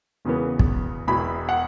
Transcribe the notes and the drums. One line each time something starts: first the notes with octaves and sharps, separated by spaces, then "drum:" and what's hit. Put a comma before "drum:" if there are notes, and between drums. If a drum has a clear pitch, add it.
E1 E2 C#3 E3 B3
drum: kick
E1 E2 B2 B3 E4 B5
F#5